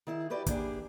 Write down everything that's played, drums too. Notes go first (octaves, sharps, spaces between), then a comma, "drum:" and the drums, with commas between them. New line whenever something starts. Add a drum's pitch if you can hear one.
D#3 E4 G#4
F#4 G4 B4 D5
A#3 B3 D4 G4 G#4, drum: kick, hi-hat